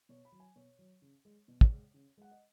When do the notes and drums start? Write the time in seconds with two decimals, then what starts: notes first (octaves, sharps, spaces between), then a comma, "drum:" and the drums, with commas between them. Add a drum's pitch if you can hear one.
0.09 B2 C#5
0.25 B5
0.32 F#3
0.40 G#5
0.56 B2 C#5
0.79 F#3
1.02 C#3
1.25 G#3
1.48 B2
1.61 drum: kick
1.71 G#3
1.94 C#3
2.17 G#3 F#5
2.31 D#5